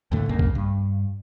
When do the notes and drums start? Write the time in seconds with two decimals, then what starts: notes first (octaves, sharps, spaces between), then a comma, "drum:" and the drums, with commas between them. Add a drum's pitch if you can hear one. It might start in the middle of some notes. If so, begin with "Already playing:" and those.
0.12 D#2 A2 D3 A3
0.29 C2 F2 C#3 A#3
0.39 drum: kick A#1
0.55 G2